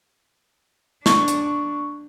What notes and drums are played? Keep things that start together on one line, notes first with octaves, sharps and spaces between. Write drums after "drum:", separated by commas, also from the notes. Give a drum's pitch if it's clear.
D4 C#6, drum: snare
drum: hi-hat